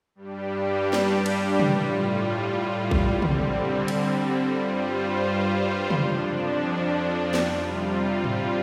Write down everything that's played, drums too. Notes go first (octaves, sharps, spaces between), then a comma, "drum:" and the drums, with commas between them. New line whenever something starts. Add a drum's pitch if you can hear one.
G2 G3 D4 G4
drum: snare
drum: cymbal
A2 G3 F4, drum: tom
drum: kick A1
D3 G3 C4
drum: tom
drum: hi-hat
G2 G3 F4 C5
F2 F3 D4, drum: tom
C3 G3 F4, drum: snare
drum: tom G#2